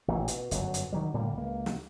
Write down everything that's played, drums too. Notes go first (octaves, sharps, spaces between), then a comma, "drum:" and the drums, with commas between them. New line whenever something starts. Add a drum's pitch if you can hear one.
A1 A#2 E3
B2, drum: hi-hat
G1 F#2 A2 F#3, drum: hi-hat
drum: hi-hat
D#3 F#3 G3
A2 D3 G3 A#3
C#2 A#3
drum: snare